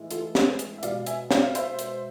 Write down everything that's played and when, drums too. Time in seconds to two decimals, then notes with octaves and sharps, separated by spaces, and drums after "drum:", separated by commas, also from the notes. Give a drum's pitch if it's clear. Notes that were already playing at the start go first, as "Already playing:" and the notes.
Already playing: A2 E3 G#3
0.11 F4 A4, drum: hi-hat
0.35 drum: snare
0.47 G#4 B4
0.59 drum: hi-hat
0.78 E5
0.83 B2 G#3 D5 F5, drum: hi-hat
1.07 E5 G#5, drum: hi-hat
1.31 D5 F5, drum: snare
1.43 F5
1.55 C5 E5, drum: hi-hat
1.79 drum: hi-hat